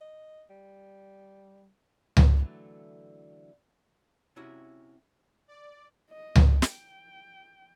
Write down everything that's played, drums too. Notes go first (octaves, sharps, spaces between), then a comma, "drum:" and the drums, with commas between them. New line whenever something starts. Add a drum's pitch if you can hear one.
D#5
G3
drum: tom C#2
D3 E3 F#3 A3
C3 C#4 E4 F#4 E5
D5
D#5
drum: tom C#2
G5, drum: snare